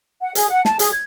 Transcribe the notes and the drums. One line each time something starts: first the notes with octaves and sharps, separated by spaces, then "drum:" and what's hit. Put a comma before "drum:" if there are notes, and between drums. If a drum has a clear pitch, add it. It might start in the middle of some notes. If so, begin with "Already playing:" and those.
F#5
G#4, drum: hi-hat
F#5
A5, drum: snare
G#4, drum: hi-hat
G#6